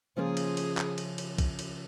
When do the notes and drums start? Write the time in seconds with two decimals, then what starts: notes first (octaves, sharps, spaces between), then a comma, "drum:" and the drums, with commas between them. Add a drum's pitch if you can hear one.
0.16 C#3 F3 A#3 C#4 F4 G#4 C5
0.37 drum: cymbal
0.57 drum: cymbal
0.77 drum: clap
0.98 drum: cymbal
1.18 drum: cymbal
1.38 drum: kick B1, cymbal
1.59 drum: cymbal